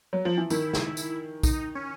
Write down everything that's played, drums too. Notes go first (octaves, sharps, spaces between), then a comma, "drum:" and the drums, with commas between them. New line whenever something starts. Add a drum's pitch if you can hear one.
F#3
F3
E3
D#3 E4, drum: tambourine
drum: snare
drum: tambourine
D#4, drum: kick A#1, tambourine
C#4